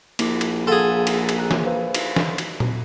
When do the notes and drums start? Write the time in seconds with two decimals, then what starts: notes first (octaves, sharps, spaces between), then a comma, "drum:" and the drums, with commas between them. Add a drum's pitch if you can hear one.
0.19 A#1 A#3 E4 D6, drum: cymbal
0.41 drum: cymbal
0.67 G#4 A4 F5 F#5 C6
1.07 drum: cymbal
1.29 drum: cymbal
1.38 A#5 F#6
1.51 drum: snare
1.66 B4 C5 F5
1.95 drum: cymbal
2.16 drum: snare
2.38 drum: cymbal
2.60 drum: tom A#2